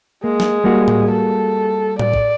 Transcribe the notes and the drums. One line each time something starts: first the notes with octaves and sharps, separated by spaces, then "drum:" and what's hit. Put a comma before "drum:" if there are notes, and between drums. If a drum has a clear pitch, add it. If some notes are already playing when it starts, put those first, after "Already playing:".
G#3 A#3
drum: snare
G3 A#3 F#4
drum: tom A2
A4
D5, drum: tom A2
drum: kick